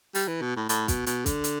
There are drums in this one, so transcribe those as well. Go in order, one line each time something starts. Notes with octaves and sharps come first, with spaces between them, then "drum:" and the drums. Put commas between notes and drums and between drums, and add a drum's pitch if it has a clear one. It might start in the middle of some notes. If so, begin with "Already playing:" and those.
G3, drum: open hi-hat
E3
B2
A2
A2, drum: hi-hat
B2, drum: kick, hi-hat
B2, drum: hi-hat
D3, drum: kick, hi-hat
drum: hi-hat